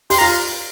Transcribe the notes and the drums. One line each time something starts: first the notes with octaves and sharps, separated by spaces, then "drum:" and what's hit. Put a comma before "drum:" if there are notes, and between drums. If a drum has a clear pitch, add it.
G4 C6, drum: open hi-hat
A#5
F4